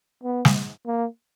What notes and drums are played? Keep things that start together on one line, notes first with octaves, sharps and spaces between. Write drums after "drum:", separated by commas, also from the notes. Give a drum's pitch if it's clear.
B3
drum: snare
A#3